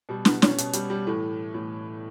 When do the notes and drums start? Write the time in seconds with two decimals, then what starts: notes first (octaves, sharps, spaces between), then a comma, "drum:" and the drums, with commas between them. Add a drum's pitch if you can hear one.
0.09 B2 G3
0.25 B3, drum: snare
0.42 C#4, drum: snare
0.58 B2, drum: hi-hat
0.73 G3, drum: hi-hat
0.90 G3
1.07 A2 E3 A3
1.54 A2 E3